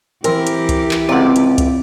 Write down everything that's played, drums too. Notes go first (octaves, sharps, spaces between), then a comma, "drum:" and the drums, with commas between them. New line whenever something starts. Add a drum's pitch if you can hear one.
E3 C4 G4 A#4, drum: hi-hat
drum: hi-hat
drum: kick, hi-hat
drum: clap
C#2 C3 C4 D5 F#5
drum: hi-hat
drum: kick, hi-hat